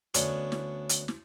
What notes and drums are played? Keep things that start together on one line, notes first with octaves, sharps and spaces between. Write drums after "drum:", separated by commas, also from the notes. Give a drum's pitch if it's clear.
D2 B3 C#4 D4 C#6, drum: hi-hat
drum: snare
drum: hi-hat
drum: snare